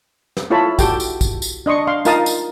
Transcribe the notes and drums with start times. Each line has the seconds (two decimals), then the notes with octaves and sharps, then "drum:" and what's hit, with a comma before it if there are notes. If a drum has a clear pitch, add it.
0.37 drum: snare
0.50 E4 F4 A4 C#5 A5 B5
0.79 F#4 G4 A4 G5, drum: kick, tambourine
1.00 drum: tambourine
1.21 drum: kick, tambourine
1.42 drum: tambourine
1.66 D4 D#5 C6 C#6
1.87 F5 C6
2.05 D#4 F4 A#4 F5 A5 D#6, drum: tambourine
2.26 drum: tambourine